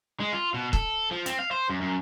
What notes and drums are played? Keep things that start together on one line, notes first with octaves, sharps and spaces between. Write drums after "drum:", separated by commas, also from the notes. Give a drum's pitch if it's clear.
G#3
F4
B2
A4, drum: kick
F3
C4, drum: hi-hat
F5
C5
F#2
F#2